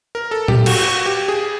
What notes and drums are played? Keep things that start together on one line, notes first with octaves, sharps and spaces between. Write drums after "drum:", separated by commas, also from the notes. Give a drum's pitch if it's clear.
A#4
A4
G4, drum: tom A#2
F#4, drum: cymbal
F#4
G4
G#4